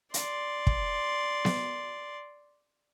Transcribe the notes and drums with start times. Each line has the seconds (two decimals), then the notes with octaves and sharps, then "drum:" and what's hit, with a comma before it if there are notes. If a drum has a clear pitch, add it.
0.14 D5 C6, drum: hi-hat
0.67 drum: kick
1.45 drum: snare B3